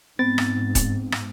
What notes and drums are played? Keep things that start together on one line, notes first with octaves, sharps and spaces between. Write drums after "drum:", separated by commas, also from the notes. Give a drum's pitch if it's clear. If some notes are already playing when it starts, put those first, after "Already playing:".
G#2 B3 C4 A6
drum: rim click
drum: kick D#1, hi-hat
drum: rim click